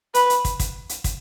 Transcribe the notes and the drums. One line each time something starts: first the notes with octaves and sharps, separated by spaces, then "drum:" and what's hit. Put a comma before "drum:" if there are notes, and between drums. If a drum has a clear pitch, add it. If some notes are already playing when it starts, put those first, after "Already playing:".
B4, drum: hi-hat
drum: hi-hat
drum: kick, hi-hat
drum: kick, hi-hat
drum: hi-hat
drum: kick, hi-hat